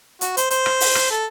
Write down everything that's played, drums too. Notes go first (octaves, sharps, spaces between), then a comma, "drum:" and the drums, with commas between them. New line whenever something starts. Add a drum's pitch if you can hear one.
F#4, drum: hi-hat
C5, drum: hi-hat
C5, drum: hi-hat
drum: rim click
drum: open hi-hat
drum: rim click
A4